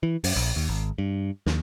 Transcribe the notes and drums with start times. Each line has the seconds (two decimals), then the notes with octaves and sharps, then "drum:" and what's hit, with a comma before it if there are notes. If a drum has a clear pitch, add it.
0.03 E3
0.24 F#2, drum: open hi-hat
0.36 A#1
0.56 D#2
0.69 G#1
0.98 G2
1.46 D#2, drum: snare